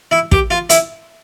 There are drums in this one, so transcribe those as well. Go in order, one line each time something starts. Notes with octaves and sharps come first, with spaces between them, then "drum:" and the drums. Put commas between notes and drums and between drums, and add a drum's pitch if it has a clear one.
E4
G4, drum: kick
F4
E4, drum: hi-hat